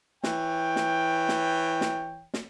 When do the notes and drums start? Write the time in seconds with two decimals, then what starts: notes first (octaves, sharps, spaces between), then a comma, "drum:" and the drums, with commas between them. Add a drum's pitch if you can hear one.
0.23 E3 C#5 G5, drum: snare
0.76 drum: snare
1.29 drum: snare
1.81 drum: snare
2.34 drum: snare